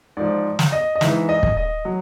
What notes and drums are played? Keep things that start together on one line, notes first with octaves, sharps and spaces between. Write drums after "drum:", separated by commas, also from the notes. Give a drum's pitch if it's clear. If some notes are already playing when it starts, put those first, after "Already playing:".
G#2 F3 D5
drum: snare
D#5
D#5
G#2 E3 E5, drum: snare
D#5
drum: kick
D#5
F#3